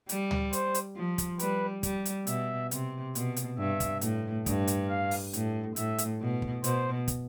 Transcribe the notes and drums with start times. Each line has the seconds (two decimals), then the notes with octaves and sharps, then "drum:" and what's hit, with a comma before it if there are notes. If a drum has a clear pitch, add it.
0.09 G3, drum: hi-hat
0.31 drum: tom C#2
0.53 C5, drum: hi-hat
0.74 drum: hi-hat
0.96 F3
1.18 drum: kick, hi-hat
1.39 G3 B4, drum: hi-hat
1.83 G3, drum: kick, hi-hat
2.05 drum: hi-hat
2.27 B2 E5, drum: hi-hat
2.71 C3, drum: hi-hat
3.15 B2, drum: hi-hat
3.36 drum: hi-hat
3.58 G2 E5
3.80 drum: kick, hi-hat
4.01 A2, drum: hi-hat
4.46 G2, drum: kick, hi-hat
4.67 drum: hi-hat
4.89 F5
5.11 drum: open hi-hat
5.33 A2, drum: hi-hat
5.76 A2 E5, drum: hi-hat
5.98 drum: hi-hat
6.21 B2
6.42 drum: kick
6.64 B2 C5, drum: hi-hat
7.08 drum: kick, hi-hat